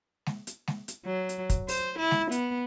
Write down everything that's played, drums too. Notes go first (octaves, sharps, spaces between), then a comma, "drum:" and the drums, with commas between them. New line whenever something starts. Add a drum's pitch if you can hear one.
drum: snare G#3
drum: hi-hat
drum: snare G#3
drum: hi-hat
F#3
drum: hi-hat
drum: kick, hi-hat
C5, drum: open hi-hat
E4
drum: snare G#3
B3, drum: hi-hat